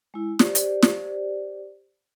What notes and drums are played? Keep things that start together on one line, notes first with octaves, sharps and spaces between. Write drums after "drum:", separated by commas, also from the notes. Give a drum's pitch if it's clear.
G#3 E4
G4 C5 D5, drum: snare
drum: hi-hat
drum: snare